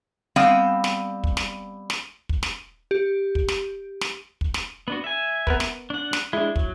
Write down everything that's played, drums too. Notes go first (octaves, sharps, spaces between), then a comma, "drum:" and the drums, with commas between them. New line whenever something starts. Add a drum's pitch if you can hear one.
G3 B3 C4 F5 G5
drum: snare
drum: kick
drum: snare
drum: snare
drum: kick
drum: snare
G4
drum: kick
drum: snare
drum: snare
drum: kick
drum: snare
B3 D4 F#4
E5 G#5
B3 A#4 B4, drum: kick
drum: snare
D4 F#5
drum: snare
G#3 D4 E4
F#3, drum: kick